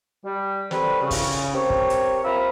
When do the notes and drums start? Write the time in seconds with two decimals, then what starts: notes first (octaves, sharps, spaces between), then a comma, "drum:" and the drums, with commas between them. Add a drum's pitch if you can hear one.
0.24 G3
0.71 G3 C4 F#4 A4 B4, drum: snare
1.01 C#3
1.11 drum: kick, open hi-hat
1.54 C4 G4 A#4 C#5
1.70 drum: kick
1.90 drum: hi-hat
2.24 C4 F4 A#4 E5 A#5 B5